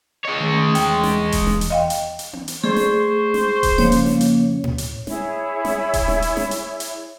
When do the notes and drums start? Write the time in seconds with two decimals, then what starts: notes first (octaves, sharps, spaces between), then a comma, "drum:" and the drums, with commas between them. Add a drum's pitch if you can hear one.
0.25 G#3 C#5 D#5
0.40 D#3 A3 C#4
0.75 E2 G5, drum: hi-hat
1.04 drum: snare
1.32 drum: kick D#1, hi-hat
1.47 drum: snare
1.61 drum: hi-hat
1.70 D#5 F5 G5
1.90 drum: hi-hat
2.19 drum: hi-hat
2.33 drum: tom B3
2.48 drum: hi-hat
2.64 A3 G#4 C5 D5 C6 C#6
2.76 drum: snare
3.34 drum: snare
3.63 drum: kick D#1, hi-hat
3.78 F2 C#3 A#3 C#5, drum: snare
3.92 drum: hi-hat
4.06 drum: snare
4.21 drum: hi-hat
4.64 drum: tom A2
4.78 drum: hi-hat
5.07 E4 G#4 C#5 E5, drum: snare
5.65 drum: snare
5.94 drum: kick D#1, hi-hat
6.08 drum: snare
6.22 drum: hi-hat
6.37 drum: snare
6.51 drum: hi-hat
6.80 drum: hi-hat